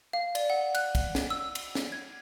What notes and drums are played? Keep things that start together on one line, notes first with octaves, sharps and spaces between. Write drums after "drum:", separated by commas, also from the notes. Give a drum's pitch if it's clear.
F5
D5, drum: cymbal
F#5
F#6, drum: cymbal
drum: kick, cymbal
drum: snare
E6
drum: cymbal
drum: snare
G#6